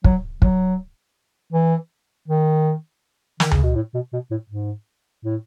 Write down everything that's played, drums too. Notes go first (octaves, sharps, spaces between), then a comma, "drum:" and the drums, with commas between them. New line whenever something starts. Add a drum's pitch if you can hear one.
F#3, drum: kick
F#3, drum: kick
E3
D#3
D#3, drum: snare
C#3, drum: tom D2
B2
A2
B2
B2
A2
G#2
A2